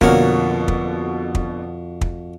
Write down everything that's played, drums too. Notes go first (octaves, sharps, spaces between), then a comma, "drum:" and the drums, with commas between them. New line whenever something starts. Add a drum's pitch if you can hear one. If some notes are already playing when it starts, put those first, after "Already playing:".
F2 B2 D3 A#3 F#4 C#5 F5, drum: kick
drum: kick
drum: kick
drum: kick